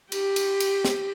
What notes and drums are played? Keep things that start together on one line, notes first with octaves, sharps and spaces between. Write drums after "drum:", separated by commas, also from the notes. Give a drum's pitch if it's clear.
G4, drum: cymbal
drum: cymbal
drum: cymbal
drum: snare